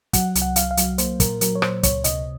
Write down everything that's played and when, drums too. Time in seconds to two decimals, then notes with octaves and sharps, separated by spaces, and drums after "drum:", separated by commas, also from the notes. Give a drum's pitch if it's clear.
0.13 F#3 F#5, drum: kick, hi-hat
0.35 C2, drum: hi-hat
0.42 F#5
0.56 C2 F5, drum: hi-hat
0.71 F5
0.77 F#3, drum: hi-hat
0.98 A#3 C5, drum: hi-hat
1.20 A#2 A#4, drum: kick, hi-hat
1.41 F#3 A#4, drum: hi-hat
1.55 C#5
1.62 A#2 C5, drum: rim click
1.83 C#2 C#5, drum: kick, hi-hat
2.04 C3 D#5, drum: hi-hat